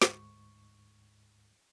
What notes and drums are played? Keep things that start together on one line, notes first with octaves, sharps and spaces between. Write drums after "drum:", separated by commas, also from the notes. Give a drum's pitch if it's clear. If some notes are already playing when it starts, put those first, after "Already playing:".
D2 G#2 C#6, drum: snare